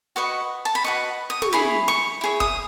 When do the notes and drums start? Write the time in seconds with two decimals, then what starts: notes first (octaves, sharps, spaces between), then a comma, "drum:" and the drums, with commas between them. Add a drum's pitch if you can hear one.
0.16 F#4 B4 D#5 C#6
0.65 A5
0.75 B5
0.84 F#4 B4 D#5 C#6
1.30 D#6
1.42 C#6, drum: tom
1.53 E4 G#4 C#5 B5
1.88 C#6
2.21 E4 G#4 C#5
2.40 D#6, drum: kick F1